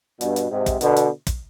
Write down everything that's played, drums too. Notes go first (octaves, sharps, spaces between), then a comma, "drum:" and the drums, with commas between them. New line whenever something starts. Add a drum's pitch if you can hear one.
G2 B2, drum: hi-hat
drum: hi-hat
G#2 C3
drum: kick, hi-hat
B2 D3, drum: hi-hat
drum: hi-hat
drum: kick, hi-hat